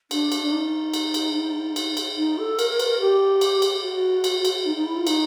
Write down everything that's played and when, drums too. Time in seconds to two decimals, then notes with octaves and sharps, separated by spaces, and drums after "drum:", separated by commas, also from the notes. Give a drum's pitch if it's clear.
0.11 D4, drum: cymbal
0.32 drum: cymbal
0.42 D4
0.52 D#4
0.94 drum: cymbal
1.14 drum: cymbal
1.76 drum: cymbal
1.97 drum: cymbal
2.17 D#4
2.38 A4
2.59 A#4, drum: cymbal
2.69 A#4
2.79 B4, drum: cymbal
2.90 A#4
3.00 G4
3.41 drum: cymbal
3.62 drum: cymbal
3.82 F#4
4.24 drum: cymbal
4.45 drum: cymbal
4.65 D#4
4.75 D#4
4.86 E4
4.96 F4
5.07 D#4, drum: cymbal